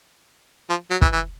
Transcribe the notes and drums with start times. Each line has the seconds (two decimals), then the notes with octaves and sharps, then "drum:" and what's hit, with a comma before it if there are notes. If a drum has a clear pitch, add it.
0.69 F3
0.91 F#3
1.02 E3, drum: kick
1.13 E3